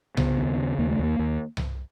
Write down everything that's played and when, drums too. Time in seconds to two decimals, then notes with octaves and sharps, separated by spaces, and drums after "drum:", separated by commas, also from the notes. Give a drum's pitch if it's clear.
0.17 C#3 B3, drum: tom C2
0.38 D#2
0.58 C#3
0.78 D#2 A#3
0.91 A3
0.99 D#2 A#3
1.19 D#2
1.57 drum: tom C2